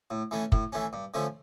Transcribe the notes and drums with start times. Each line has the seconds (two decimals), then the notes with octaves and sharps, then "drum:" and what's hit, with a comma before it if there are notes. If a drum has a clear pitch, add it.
0.11 A2
0.31 E3 A3 C#4
0.52 A2, drum: kick
0.72 E3 A3 C#4
0.93 G2
1.14 D3 F3 A3 C#4